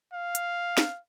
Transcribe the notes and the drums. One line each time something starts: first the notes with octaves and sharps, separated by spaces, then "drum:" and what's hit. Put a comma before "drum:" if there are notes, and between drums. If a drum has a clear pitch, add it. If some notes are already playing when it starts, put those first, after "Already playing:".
F5
drum: hi-hat
drum: snare